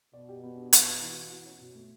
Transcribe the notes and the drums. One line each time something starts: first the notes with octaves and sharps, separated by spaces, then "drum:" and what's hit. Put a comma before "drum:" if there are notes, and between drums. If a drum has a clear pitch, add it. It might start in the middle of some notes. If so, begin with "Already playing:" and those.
B2 D5
G4
B3
D4
B4, drum: hi-hat
F#4
E3
B3
F#4
C#4
B2
A3